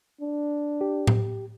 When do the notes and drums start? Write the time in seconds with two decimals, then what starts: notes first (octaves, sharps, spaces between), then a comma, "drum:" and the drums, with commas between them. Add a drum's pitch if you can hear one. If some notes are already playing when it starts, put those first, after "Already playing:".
0.21 D4
0.81 G4
1.07 drum: tom A2